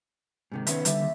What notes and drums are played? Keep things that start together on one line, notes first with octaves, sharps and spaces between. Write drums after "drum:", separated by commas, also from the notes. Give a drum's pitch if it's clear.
G#2 C3 D#3
D#3 B3 C#4 E5, drum: hi-hat
D3 G3 E5, drum: hi-hat
D#2